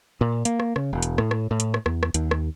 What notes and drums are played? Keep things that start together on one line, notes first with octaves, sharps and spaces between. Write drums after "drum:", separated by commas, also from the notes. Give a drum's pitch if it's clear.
A#2
A#3, drum: hi-hat
drum: rim click
C#3, drum: rim click
E1
drum: hi-hat
A2, drum: rim click
drum: rim click
A2
drum: hi-hat
drum: rim click
E2, drum: rim click
drum: rim click
D#2, drum: hi-hat
drum: rim click